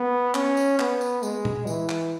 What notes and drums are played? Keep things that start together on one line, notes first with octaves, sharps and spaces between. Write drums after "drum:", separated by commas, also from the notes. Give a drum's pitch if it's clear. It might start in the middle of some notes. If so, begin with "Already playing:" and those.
Already playing: B3
C#4, drum: clap
drum: tambourine
B3, drum: clap
drum: tambourine
G#3, drum: tambourine
drum: tom
E3, drum: tambourine
drum: clap